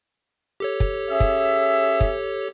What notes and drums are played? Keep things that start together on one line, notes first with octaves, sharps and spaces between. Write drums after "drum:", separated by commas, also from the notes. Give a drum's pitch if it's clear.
G4 A4 C#5
drum: kick
C#4 G#4 E5
drum: kick
drum: kick